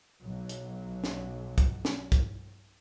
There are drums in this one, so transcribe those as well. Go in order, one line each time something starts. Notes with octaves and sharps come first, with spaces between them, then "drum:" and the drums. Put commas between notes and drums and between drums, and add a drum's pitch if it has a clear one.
B1 F#3
drum: hi-hat
drum: snare
drum: kick, hi-hat
drum: snare
drum: kick, hi-hat